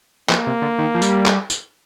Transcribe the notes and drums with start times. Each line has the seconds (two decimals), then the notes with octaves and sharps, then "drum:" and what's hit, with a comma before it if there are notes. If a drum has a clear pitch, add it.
0.30 F3 A#3, drum: clap
0.47 C3
0.62 D3
0.78 D#3
0.95 F3
1.02 G3, drum: tambourine
1.26 drum: clap
1.50 drum: tambourine